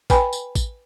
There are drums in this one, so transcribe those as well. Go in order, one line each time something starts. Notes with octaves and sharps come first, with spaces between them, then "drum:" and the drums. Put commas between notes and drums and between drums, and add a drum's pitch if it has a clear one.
B4 G5 G#5 B5, drum: kick A1, tambourine
drum: tambourine
drum: kick A1, tambourine